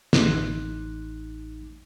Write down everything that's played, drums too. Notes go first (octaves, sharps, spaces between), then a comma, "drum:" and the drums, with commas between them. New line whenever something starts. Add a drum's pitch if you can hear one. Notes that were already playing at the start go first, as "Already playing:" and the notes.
A1 D#4 C6 D6 F#6, drum: snare